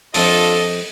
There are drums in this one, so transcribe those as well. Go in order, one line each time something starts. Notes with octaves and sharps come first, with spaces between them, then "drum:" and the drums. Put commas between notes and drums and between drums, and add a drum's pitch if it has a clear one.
F2 D4 F4 A4 D#5 D#6, drum: open hi-hat